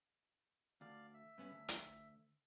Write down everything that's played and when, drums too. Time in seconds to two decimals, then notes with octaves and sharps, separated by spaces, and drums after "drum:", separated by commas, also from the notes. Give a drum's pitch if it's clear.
0.81 D2 D5 F5
1.14 E5
1.38 G2 B3 C#4
1.51 D2
1.68 drum: hi-hat